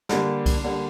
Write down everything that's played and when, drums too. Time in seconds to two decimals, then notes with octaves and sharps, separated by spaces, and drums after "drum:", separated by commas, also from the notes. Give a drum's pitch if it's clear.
0.09 D3 G3 A#3, drum: snare
0.46 drum: kick C2, cymbal
0.64 D3 G3 A#3